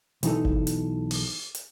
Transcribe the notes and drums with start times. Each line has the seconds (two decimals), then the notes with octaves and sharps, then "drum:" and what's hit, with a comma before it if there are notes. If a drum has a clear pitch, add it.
0.23 B1 E3 D#4 A4, drum: hi-hat
0.45 drum: kick G1
0.67 drum: hi-hat
1.11 drum: open hi-hat
1.55 drum: hi-hat